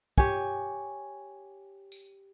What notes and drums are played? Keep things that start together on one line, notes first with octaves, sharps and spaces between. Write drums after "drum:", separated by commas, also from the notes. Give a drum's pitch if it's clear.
G4 C#5 G#5, drum: kick
drum: tambourine